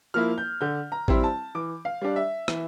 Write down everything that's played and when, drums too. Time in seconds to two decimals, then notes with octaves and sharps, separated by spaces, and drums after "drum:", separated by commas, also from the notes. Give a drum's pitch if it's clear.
0.14 F3 A#3 E4 F6
0.38 G6
0.61 D3 G6
0.92 A#5
1.08 G3 C4 E4, drum: kick A1
1.24 A5
1.55 E3 D6
1.85 F5
2.02 G3 D4
2.16 E5
2.48 E3, drum: rim click